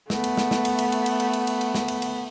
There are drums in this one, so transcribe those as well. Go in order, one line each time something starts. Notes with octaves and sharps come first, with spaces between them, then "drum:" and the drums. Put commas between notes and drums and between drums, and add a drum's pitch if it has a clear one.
A3 B3, drum: snare
drum: cymbal
drum: snare
drum: snare
drum: cymbal
drum: cymbal
drum: cymbal
drum: cymbal
drum: cymbal
drum: cymbal
drum: cymbal
drum: cymbal
drum: snare
drum: cymbal
drum: cymbal